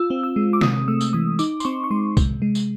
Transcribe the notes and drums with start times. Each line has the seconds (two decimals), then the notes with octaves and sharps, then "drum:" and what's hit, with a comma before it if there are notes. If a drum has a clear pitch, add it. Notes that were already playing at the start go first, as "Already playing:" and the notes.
Already playing: F4 E6
0.10 C4
0.23 E6
0.36 G#3
0.53 D6
0.61 C3 D#6, drum: snare
0.88 A3 E6
1.01 drum: tambourine
1.13 E3 D#6
1.39 D#4 D6, drum: tambourine
1.60 C6, drum: tambourine
1.65 C4 C#6
1.84 C#6
1.91 G#3 C6
2.17 C3, drum: kick C2, tambourine
2.42 G#3
2.55 drum: tambourine